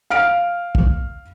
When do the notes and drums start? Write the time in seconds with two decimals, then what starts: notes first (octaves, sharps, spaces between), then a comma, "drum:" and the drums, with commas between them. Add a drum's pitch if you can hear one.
0.10 F5 F6 D7
0.75 drum: kick